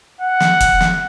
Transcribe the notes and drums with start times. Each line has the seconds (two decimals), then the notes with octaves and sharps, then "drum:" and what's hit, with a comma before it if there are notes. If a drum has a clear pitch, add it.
0.20 F#5
0.40 drum: snare
0.60 drum: kick, hi-hat
0.81 drum: snare